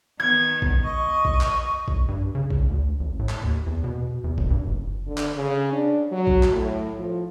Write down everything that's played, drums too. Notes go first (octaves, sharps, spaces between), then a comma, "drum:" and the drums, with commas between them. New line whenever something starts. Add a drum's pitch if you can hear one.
D#3 B3 G#6
drum: kick A#1
D#5 C#6
drum: kick A#1
drum: clap
drum: kick A#1
G2
C#3
drum: kick A#1
D2
A1
A2
drum: clap
D#2
E2
B2
E2
F1, drum: kick A#1
G2
F#1
D3
drum: clap
C#3
D4
F#3
drum: kick A#1
drum: clap
A2
F3